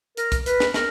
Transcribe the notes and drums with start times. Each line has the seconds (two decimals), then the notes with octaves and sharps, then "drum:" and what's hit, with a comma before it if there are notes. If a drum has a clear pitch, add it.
0.17 A#4, drum: hi-hat
0.32 drum: kick, hi-hat
0.46 B4, drum: hi-hat
0.60 drum: snare
0.74 A#4, drum: snare